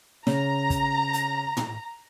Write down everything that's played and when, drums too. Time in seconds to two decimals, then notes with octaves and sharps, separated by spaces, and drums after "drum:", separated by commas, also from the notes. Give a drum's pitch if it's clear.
0.27 C#3 A#5, drum: snare
0.70 drum: kick, hi-hat
1.13 drum: hi-hat
1.57 drum: tom